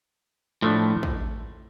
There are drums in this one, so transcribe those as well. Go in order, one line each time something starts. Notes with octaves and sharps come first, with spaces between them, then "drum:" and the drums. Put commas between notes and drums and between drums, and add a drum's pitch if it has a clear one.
A2 F3 A3 D4
drum: kick